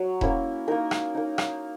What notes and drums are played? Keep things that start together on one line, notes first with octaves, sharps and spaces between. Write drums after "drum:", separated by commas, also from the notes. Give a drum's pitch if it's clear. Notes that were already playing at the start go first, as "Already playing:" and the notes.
Already playing: F#3
A#3 C#4 E4, drum: kick E1
A#3 D#4 A#4
drum: rim click
A#3 D#4
drum: rim click